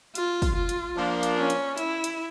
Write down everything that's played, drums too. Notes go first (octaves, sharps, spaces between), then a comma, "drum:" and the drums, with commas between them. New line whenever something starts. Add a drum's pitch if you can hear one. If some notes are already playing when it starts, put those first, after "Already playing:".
F4, drum: hi-hat
drum: kick, open hi-hat
F4
drum: hi-hat
F3 A#3 D4
drum: hi-hat
C#4
drum: hi-hat
E4, drum: hi-hat
drum: hi-hat